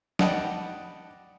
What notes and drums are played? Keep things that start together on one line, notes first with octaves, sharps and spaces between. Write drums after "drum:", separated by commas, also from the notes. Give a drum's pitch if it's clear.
D5 D#5 F#5 G5 A5 B5, drum: snare